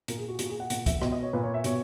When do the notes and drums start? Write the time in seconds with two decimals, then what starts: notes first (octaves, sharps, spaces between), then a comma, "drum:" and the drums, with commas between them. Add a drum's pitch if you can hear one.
0.08 A#2 A#4, drum: hi-hat
0.18 G#4
0.28 F#4
0.39 A#2 F#4, drum: hi-hat
0.49 G#4
0.60 F#5
0.70 A#2 F#5, drum: hi-hat
0.86 E5, drum: kick, hi-hat
1.02 B2 D#5, drum: rim click
1.12 D#5
1.23 C#5
1.33 A#2 B4
1.43 C#5
1.54 E5
1.64 B2 C#5, drum: hi-hat